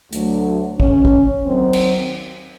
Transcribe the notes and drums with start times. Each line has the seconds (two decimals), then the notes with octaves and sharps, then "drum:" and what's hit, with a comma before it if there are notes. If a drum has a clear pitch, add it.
0.13 D2 D3 F#3 A3, drum: hi-hat
0.80 C#4, drum: kick
1.05 drum: kick
1.46 D#2 D#3 F#3 C4
1.73 drum: cymbal